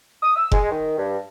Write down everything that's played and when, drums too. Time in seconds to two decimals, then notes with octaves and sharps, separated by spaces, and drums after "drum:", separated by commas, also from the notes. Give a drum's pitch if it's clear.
0.22 D#6
0.35 E6
0.52 G#3, drum: kick F1
0.71 D#3
0.98 G2